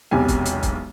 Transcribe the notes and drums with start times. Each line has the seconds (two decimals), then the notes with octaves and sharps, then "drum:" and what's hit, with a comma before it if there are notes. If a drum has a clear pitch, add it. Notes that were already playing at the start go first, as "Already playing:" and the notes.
0.11 E1 B1 C3 G4 G#5
0.28 drum: kick, hi-hat
0.46 drum: hi-hat
0.63 drum: kick, hi-hat